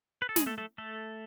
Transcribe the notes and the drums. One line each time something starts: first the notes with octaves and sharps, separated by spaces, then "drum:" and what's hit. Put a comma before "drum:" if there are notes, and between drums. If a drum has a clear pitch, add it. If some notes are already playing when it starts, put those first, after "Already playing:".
B4
A4
G#3 G#4, drum: snare
A3 A4
A3 A4
A3 A4